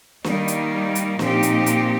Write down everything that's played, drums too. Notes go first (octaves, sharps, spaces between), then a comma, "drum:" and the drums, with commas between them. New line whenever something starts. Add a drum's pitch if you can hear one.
D#3 G3 A#3 D#4, drum: snare
drum: hi-hat
drum: hi-hat
A#2 F3 C4 D#4 G4, drum: snare
drum: hi-hat
drum: hi-hat